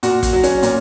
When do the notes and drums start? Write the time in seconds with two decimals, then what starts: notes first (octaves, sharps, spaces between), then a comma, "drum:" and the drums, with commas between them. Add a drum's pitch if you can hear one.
0.03 A#2 F#4, drum: hi-hat
0.23 drum: kick, hi-hat
0.33 F#3
0.43 C#4, drum: hi-hat
0.63 A#2, drum: hi-hat